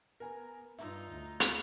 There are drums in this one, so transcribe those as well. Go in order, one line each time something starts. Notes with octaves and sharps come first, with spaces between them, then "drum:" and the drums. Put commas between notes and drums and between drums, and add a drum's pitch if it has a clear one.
B3 A#4 G#5 A#5
G2 D#4 F4 E5 A#5 E6
D2
drum: hi-hat